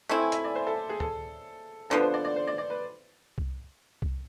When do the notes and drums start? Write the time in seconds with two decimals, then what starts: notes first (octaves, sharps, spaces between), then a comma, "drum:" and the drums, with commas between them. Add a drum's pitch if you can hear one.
0.09 A3 C4 E4 G#5
0.22 G#5
0.32 E5, drum: hi-hat
0.44 D5
0.56 C5
0.67 A4
0.89 G#4
1.00 A4, drum: tom
1.90 D3 F3 B3 A4
2.02 C5
2.14 D5
2.25 D5
2.36 C5
2.47 D5
2.58 D5
2.70 B4
3.38 drum: kick C2
4.02 drum: kick C2